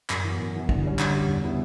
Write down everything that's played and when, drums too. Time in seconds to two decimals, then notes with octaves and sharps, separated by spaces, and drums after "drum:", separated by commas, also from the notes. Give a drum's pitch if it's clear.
0.10 F#2, drum: clap
0.24 E3 B3
0.39 F#2
0.54 E3 B3
0.69 D3, drum: kick
0.84 G3 C#4
0.99 D3, drum: clap
1.13 G3 C#4
1.28 E2
1.43 C#3 G3 B3 E4